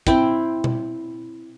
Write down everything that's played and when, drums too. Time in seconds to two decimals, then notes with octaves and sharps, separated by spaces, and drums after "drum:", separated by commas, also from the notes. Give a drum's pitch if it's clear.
0.07 C4 E4 G5, drum: kick
0.64 drum: tom B2